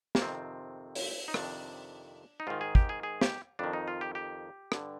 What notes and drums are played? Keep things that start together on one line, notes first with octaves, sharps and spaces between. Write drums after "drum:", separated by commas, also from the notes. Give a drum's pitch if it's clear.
A#3, drum: snare
F2 C3 D#3 C4
drum: open hi-hat
D#4
F2 C3 D#3 D4, drum: rim click
D#4
G#2 D#3 F4
G#4
G4, drum: kick
G#4
G#4
G4, drum: snare
F2 D#3 D4
D#4
F4
G4
G4
G2 D3, drum: rim click